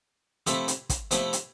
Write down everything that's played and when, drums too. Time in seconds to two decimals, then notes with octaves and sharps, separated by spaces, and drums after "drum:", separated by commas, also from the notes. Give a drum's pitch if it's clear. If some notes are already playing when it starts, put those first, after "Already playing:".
0.47 C3 F3 A3 C4 E4, drum: hi-hat
0.68 drum: hi-hat
0.89 drum: kick, hi-hat
1.11 C3 F3 A3 C4 E4, drum: hi-hat
1.33 drum: hi-hat